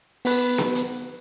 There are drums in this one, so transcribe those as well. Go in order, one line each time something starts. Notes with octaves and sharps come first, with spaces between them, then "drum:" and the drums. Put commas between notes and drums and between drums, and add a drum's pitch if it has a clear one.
B3 B4, drum: open hi-hat
drum: snare B3
drum: hi-hat